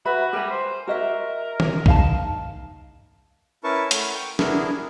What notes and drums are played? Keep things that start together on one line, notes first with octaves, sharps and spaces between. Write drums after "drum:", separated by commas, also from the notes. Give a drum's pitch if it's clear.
F#4 B4 E5 B5
G3 A#4 G#5
C5
F#4 A#4 D#5 E5
drum: tom D#3
D#4 F5 A5, drum: kick
C#4 E4 A#4 B4 A5 C#6
A3 C#5 F#5, drum: hi-hat
G5 C#6
B3 D4 E4 G#4 A#4, drum: snare